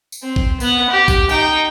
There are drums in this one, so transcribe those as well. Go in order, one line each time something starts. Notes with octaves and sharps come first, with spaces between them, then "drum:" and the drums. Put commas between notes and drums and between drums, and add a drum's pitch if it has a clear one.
drum: tambourine
C4
drum: kick
B3 F#5, drum: tambourine
G4
drum: kick, tambourine
D#4 G5, drum: tambourine